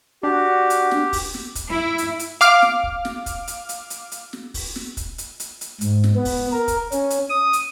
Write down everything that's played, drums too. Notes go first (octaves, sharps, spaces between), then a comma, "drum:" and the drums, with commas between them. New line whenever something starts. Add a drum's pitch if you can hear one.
D4 F#4 G4
drum: hi-hat
drum: snare
drum: kick, open hi-hat
drum: snare
drum: kick, hi-hat
E4
drum: hi-hat
drum: hi-hat
F5 D6 F6, drum: hi-hat
drum: snare
drum: kick
drum: snare
drum: kick, hi-hat
drum: hi-hat
drum: hi-hat
drum: hi-hat
drum: hi-hat
drum: snare
drum: kick, open hi-hat
drum: snare
drum: kick, hi-hat
drum: hi-hat
drum: hi-hat
drum: hi-hat
G#2, drum: hi-hat
drum: snare
B3
drum: kick, open hi-hat
A#4
drum: kick, hi-hat
C#4, drum: hi-hat
drum: hi-hat
D#6
drum: hi-hat